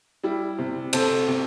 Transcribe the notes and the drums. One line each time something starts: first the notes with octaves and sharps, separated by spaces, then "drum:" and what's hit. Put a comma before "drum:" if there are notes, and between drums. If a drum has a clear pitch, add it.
G3 E4
C3
C3 A4 C5, drum: cymbal
C3